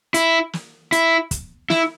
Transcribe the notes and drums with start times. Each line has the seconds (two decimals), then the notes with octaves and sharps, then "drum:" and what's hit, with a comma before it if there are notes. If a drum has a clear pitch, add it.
0.14 E4, drum: hi-hat
0.53 drum: snare
0.92 E4, drum: hi-hat
1.31 drum: kick, hi-hat
1.70 E4, drum: snare